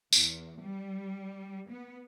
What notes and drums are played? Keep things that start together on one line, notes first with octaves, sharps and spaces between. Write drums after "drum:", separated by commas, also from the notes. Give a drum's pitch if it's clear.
E2, drum: tambourine
G3
B3